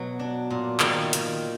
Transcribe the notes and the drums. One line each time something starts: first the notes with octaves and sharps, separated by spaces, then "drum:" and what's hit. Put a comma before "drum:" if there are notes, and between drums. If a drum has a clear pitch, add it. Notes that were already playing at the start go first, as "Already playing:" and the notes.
Already playing: B2 F#3
D4
A#2
D#3 D5 F5, drum: clap
D#3, drum: hi-hat